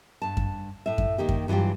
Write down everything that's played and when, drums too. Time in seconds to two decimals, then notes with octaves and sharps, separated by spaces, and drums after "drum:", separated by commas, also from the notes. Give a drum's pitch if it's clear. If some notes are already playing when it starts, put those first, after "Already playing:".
0.22 G2 A5
0.37 drum: kick F#2
0.86 A2 E5
0.98 drum: kick F#2
1.18 D#3 A#3 G4
1.29 drum: kick F#2
1.48 G2 E3 F#3 F4 G4